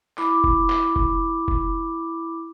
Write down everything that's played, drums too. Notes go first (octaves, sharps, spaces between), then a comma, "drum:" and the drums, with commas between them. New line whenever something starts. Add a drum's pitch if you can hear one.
E4 B5 D6, drum: clap
drum: kick F1
drum: clap
drum: kick F1
drum: kick F1